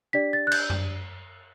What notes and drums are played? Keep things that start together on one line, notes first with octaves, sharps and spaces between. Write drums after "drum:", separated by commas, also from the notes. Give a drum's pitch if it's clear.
D4 G4 D5 B6
A6
F#6
G6, drum: cymbal
drum: tom F#2